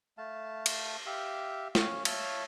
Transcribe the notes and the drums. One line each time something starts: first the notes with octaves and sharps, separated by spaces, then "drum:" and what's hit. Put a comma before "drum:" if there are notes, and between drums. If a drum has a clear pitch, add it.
A3 F5 A5
drum: cymbal
G4 E5 F5
C#4 F5, drum: snare
C#5 E5 F5 A5, drum: cymbal